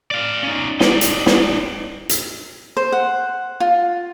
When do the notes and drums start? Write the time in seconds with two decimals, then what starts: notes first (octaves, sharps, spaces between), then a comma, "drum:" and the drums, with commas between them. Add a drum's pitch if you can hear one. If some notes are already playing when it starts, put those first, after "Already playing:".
0.11 D5 F5
0.43 C#4 D#4
0.80 D#4 D5, drum: snare
1.01 drum: hi-hat
1.26 drum: snare
2.09 drum: hi-hat
2.77 C5
2.92 F#5
3.60 F4